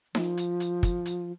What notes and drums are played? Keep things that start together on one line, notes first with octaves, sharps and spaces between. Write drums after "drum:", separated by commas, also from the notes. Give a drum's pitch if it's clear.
F3, drum: snare D#4
drum: hi-hat
drum: hi-hat
drum: kick, hi-hat
drum: hi-hat